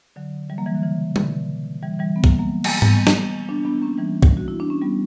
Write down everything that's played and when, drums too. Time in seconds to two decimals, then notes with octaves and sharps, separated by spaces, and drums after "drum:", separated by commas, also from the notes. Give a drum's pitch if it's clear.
0.16 D3 F#3
0.50 E3 G3
0.58 F#3 A#3
0.66 E3 G3
0.74 D3 F#3
0.82 C#3 E3
1.16 B2 D3, drum: tom
1.83 E3 G3
1.99 E3 G3
2.16 B3
2.24 A#3, drum: kick
2.31 G3
2.38 F#3 A#3
2.64 drum: cymbal
2.82 G3 B3, drum: tom G#2
3.07 drum: snare
3.49 B3 D4
3.65 B3 D4
3.82 A#3 C#4
3.98 E3 G3
4.22 drum: kick
4.37 F#4
4.48 E4
4.60 D4
4.70 C#4
4.82 G3 B3